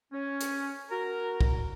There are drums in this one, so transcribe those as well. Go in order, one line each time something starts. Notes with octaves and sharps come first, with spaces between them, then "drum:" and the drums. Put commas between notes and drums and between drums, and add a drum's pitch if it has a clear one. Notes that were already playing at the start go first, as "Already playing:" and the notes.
C#4
drum: hi-hat
F#4 A#4
drum: kick